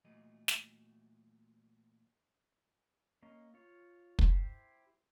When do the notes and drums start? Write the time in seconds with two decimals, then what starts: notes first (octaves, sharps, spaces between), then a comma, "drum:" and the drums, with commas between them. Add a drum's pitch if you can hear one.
0.05 A#2 E3 F#3 A3 D#5
0.48 drum: snare
3.23 A#3 C#4 D#5
3.54 F4 C#5
4.19 drum: kick
4.28 E4 G4 C5